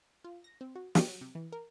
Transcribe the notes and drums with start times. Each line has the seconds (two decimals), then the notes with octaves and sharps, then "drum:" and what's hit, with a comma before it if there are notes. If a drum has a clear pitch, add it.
0.24 F4
0.44 A#6
0.61 C4
0.75 F#4
0.95 G4, drum: snare
1.08 F#3
1.21 C3
1.35 E3
1.52 A#4